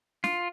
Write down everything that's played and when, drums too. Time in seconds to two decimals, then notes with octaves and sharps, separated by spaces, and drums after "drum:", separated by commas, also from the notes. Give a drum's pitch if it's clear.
0.24 F4, drum: snare